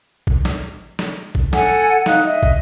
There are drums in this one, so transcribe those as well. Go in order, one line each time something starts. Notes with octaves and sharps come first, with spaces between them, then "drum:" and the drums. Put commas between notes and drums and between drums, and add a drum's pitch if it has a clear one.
drum: kick
drum: snare
drum: snare
drum: kick
A4 F#5 G#5, drum: snare
D#4 F5 F#6, drum: snare
D#5 E5
drum: kick